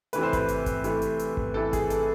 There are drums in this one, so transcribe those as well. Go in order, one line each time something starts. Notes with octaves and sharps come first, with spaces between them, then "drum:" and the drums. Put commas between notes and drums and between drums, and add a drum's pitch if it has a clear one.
C3 E3 A3 B4, drum: hi-hat
C5
B4, drum: kick G#1, hi-hat
drum: hi-hat
drum: kick G#1, hi-hat
C3 E3 A3, drum: hi-hat
drum: hi-hat
drum: hi-hat
drum: kick G#1
C3 E3 A3 A4
G#4, drum: kick G#1, hi-hat
A4, drum: hi-hat